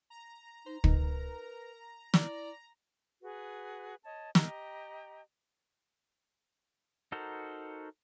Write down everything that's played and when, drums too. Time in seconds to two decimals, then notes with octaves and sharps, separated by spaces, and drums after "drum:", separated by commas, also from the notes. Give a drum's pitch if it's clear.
0.10 A#5
0.66 D#4 C5
0.84 D#4 A#4 B4, drum: kick
2.14 E4 D5, drum: snare
3.22 F#4 G#4 B4
4.04 C#5 D#5 A5
4.35 G4 D#5 G5 A#5, drum: snare
7.12 D#4 F#4 A4 A#4 C5